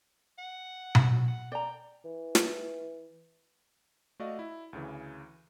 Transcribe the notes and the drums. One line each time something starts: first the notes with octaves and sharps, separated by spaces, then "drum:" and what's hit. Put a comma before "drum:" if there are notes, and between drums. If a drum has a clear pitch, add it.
F#5
drum: tom B2
F#4
F#5
D5 G5 A#5
E3
drum: snare
A3 F#4 D5 D#5 F5
E4
D2 C#3 E3